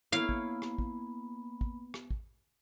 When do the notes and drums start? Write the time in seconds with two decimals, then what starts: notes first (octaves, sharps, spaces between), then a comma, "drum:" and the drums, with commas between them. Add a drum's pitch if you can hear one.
0.12 A#3 B3 E4 C#5 F5 B5
0.29 drum: kick
0.62 drum: rim click
0.78 drum: kick
1.61 drum: kick
1.94 drum: rim click
2.11 drum: kick